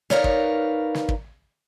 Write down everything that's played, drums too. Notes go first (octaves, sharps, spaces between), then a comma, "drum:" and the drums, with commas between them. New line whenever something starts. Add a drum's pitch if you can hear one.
D#4 A#4 B4 C#5 D5 F5, drum: snare
drum: kick
drum: snare
drum: kick